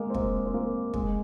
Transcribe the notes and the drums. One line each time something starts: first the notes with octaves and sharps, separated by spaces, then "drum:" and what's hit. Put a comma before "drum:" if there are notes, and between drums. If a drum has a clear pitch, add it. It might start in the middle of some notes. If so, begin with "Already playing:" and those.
Already playing: G#3 A#3
C4
A#3, drum: kick
C4
A#3
G#3, drum: kick